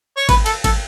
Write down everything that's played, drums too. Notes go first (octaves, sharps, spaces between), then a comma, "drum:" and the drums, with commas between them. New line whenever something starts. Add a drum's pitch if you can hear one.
C#5
B4, drum: kick G#1, cymbal
A4, drum: cymbal
A4, drum: kick G#1, cymbal